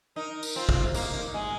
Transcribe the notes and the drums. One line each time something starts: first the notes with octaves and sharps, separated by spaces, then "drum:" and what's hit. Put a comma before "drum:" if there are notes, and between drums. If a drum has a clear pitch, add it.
D#4 A#4
drum: tambourine
C4 F4
drum: kick
A#3 D#4, drum: tambourine
G#3